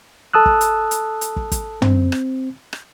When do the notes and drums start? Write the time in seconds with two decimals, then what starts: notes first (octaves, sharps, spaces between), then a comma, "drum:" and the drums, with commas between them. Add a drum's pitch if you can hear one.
0.33 A4 A5 D#6 E6 F#6
0.46 drum: kick
0.61 drum: hi-hat
0.91 drum: hi-hat
1.21 drum: hi-hat
1.36 drum: kick
1.52 drum: kick, hi-hat
1.82 C4, drum: tom
2.12 drum: rim click
2.73 drum: rim click